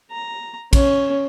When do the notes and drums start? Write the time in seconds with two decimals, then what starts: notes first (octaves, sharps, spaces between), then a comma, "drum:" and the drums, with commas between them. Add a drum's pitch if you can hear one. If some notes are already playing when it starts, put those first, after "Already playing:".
0.11 A#5
0.73 C#4, drum: kick, cymbal